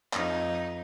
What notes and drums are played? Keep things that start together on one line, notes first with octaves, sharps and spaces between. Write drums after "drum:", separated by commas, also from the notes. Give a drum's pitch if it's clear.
F2 D#4, drum: clap